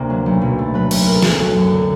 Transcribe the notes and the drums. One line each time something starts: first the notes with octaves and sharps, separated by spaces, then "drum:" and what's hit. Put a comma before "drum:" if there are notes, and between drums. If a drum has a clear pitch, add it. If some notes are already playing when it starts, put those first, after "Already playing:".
Already playing: D2 C3 A#3 A#4
F#3
B1
B2
A3
F#3 B4
B1, drum: cymbal
B2 A#4
A4
B1 G#4, drum: snare
A4
F#3 F#4
F#2
D3